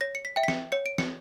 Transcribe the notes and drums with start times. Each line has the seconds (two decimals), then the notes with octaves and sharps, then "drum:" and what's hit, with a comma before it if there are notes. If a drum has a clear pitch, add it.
0.01 C#5 A#6
0.15 C#7
0.25 B6
0.36 E5 G5
0.43 B6
0.48 C#7, drum: snare
0.72 C#5 C#7
0.86 D7
0.98 C#7, drum: snare